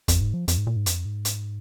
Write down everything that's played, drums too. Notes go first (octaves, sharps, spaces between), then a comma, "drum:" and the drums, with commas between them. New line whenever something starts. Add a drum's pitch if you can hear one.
F2, drum: kick, hi-hat
G#2
F3
F2, drum: hi-hat
G#2
A#2
G#2
F2, drum: hi-hat
G#2
drum: hi-hat